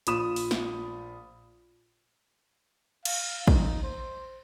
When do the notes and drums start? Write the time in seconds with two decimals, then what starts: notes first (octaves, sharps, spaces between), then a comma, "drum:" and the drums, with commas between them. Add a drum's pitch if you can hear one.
0.07 A#1 F4 B5 D#6 E7, drum: hi-hat
0.36 drum: open hi-hat
0.51 drum: snare
3.05 F5, drum: cymbal
3.48 D#4, drum: kick
3.83 C5